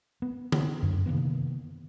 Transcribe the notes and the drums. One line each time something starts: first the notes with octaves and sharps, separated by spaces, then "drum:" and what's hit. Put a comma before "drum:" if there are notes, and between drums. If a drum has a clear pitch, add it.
B3
drum: tom D3
F#2 D3 D4
C3 D#3 A#3 B3